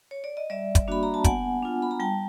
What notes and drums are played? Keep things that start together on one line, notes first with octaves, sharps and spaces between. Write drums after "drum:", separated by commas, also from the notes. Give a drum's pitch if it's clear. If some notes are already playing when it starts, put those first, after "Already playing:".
C#5
D5
D#5
G3 D5 E5
drum: kick, hi-hat
A#3 D4 F#4 B5
A#5
A5
B3 F#5 G#5, drum: kick, hi-hat
D4 F4
B5
A#5
G3 G5 A5